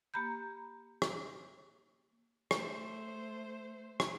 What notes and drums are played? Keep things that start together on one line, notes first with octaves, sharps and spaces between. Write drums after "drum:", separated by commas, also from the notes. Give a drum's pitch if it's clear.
A#3 G4 A#5 B5 G6
drum: rim click
A3 C5, drum: rim click
drum: rim click